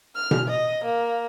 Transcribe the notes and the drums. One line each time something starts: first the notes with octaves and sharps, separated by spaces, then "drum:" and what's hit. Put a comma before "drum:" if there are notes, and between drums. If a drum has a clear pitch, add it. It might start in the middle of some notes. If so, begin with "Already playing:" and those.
F6
drum: tom B2
D#5
A#3